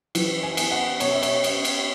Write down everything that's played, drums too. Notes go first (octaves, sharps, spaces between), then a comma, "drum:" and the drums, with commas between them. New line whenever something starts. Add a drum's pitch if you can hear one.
E3, drum: cymbal
G#5
B3, drum: cymbal
F#5
B2 C#5, drum: cymbal
E5
C#5, drum: cymbal
B3, drum: cymbal
drum: cymbal